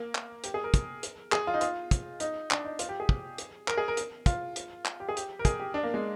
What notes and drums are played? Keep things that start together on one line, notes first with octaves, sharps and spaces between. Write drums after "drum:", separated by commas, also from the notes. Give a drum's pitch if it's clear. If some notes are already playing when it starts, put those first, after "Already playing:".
Already playing: A#3
drum: clap
G4, drum: hi-hat
G#4
A#4
drum: kick, hi-hat
drum: hi-hat
G#4, drum: clap
F4
D#4
F4, drum: hi-hat
drum: kick, hi-hat
D#4, drum: hi-hat
D4, drum: clap
D#4
F4, drum: hi-hat
G4
G#4
drum: kick
drum: hi-hat
A#4, drum: clap
G#4
A#4
drum: hi-hat
F4, drum: kick, hi-hat
drum: hi-hat
drum: clap
G4
G#4
G4, drum: hi-hat
A#4
G#4, drum: kick, hi-hat
G4
D4
A#3
G#3